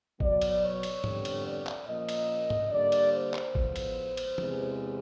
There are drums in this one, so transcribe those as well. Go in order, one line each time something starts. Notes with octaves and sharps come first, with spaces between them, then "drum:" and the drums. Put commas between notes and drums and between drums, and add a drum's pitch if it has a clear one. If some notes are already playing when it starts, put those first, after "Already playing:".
B2 F#3 B3 D5, drum: kick G#1
drum: cymbal
C#5
drum: cymbal
F2 D3 G3 B3, drum: tom G#2
drum: cymbal
D5
drum: clap
A#2 F3 A#3 C#4 D#5
drum: cymbal
drum: tom G#2
D3 G3 A#3 D5
drum: cymbal
C5
drum: clap
A2 F3 G#3 B3, drum: kick G#1
drum: cymbal
drum: cymbal
E2 C3 E3 G#3 B3, drum: tom